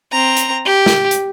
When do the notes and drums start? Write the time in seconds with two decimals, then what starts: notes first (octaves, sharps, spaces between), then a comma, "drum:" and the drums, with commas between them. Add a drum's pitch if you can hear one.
0.12 C4 A#5
0.37 drum: hi-hat
0.66 G4
0.86 drum: snare
1.11 drum: hi-hat